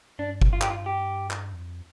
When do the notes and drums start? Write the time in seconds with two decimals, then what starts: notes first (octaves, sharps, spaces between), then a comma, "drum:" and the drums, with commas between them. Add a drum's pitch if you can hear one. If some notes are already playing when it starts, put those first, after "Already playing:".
0.19 G2 D4
0.42 drum: kick G1
0.53 F4
0.61 G4, drum: clap
0.70 F4
0.86 G4
1.30 drum: clap
1.53 F2